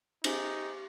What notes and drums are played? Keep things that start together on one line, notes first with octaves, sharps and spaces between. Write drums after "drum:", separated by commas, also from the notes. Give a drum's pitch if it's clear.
D#4 G4 C5 G#5, drum: cymbal